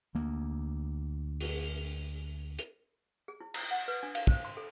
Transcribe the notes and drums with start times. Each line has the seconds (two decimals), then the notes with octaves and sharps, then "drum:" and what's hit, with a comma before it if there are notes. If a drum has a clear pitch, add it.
0.15 D2 A#3
1.40 drum: open hi-hat
2.59 drum: hi-hat
3.28 G#4
3.41 E4
3.54 A#5, drum: cymbal
3.71 F#5
3.88 B4
4.03 D4
4.15 F5, drum: cymbal
4.27 C5, drum: kick
4.45 C6
4.57 A4